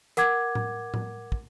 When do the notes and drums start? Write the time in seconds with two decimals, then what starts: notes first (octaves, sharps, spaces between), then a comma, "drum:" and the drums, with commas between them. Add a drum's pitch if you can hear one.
0.17 A#4 F#5 D6 G#6, drum: hi-hat
0.55 drum: tom A2
0.94 drum: tom A2
1.32 drum: kick